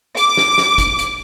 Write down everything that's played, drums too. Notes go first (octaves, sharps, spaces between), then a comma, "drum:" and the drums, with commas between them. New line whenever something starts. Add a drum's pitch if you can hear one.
D6, drum: hi-hat
drum: snare
drum: snare
drum: kick, hi-hat
drum: hi-hat